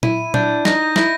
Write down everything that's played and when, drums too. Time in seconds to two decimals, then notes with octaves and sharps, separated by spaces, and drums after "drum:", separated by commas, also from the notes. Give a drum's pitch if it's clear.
0.03 E4 D#7, drum: tom A#2
0.34 D4 G6, drum: tom A#2
0.65 D#4 A#6, drum: snare
0.96 E4 A#6, drum: snare